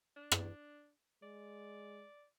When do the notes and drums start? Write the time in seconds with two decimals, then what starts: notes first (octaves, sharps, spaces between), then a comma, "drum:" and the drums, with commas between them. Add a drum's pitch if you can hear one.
0.17 D4
0.32 drum: rim click
1.23 G#3 D5